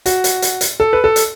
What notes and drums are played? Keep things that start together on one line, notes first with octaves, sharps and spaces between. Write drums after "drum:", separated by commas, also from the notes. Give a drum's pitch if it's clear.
F#4, drum: hi-hat
drum: hi-hat
drum: hi-hat
drum: hi-hat
A4
B4
A4
drum: hi-hat